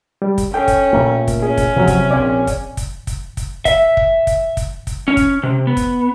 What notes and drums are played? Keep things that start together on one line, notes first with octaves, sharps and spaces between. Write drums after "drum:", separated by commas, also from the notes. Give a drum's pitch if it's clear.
G3
drum: kick, hi-hat
C#4 A4 G5
drum: kick, hi-hat
A#2 A3 A#3
drum: kick, hi-hat
C#4 G#4
drum: kick, hi-hat
C3 F3 F#3
drum: kick, hi-hat
A#1 C4 D5 G#5
drum: kick, hi-hat
drum: kick, hi-hat
drum: kick, hi-hat
drum: kick, hi-hat
E5, drum: kick, hi-hat
drum: kick
drum: kick, hi-hat
drum: kick, hi-hat
drum: kick, hi-hat
C#4
drum: kick, hi-hat
C3
B3
drum: kick, hi-hat